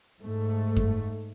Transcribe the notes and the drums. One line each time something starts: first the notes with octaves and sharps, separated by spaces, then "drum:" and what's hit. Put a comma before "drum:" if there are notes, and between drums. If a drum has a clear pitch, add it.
G#2 A3
drum: kick F#2